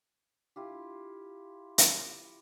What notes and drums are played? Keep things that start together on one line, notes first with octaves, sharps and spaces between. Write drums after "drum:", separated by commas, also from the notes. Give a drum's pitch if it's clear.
E4 F4 G4
drum: hi-hat